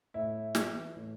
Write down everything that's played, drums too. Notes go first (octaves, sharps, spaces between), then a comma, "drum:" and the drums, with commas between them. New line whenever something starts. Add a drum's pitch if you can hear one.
A2 E4
E3, drum: snare
A2